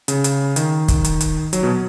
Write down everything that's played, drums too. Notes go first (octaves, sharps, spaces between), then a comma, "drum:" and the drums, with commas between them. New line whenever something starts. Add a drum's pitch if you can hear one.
C#3, drum: hi-hat
drum: hi-hat
D#3, drum: hi-hat
drum: kick, hi-hat
drum: hi-hat
drum: hi-hat
F#3, drum: hi-hat
B2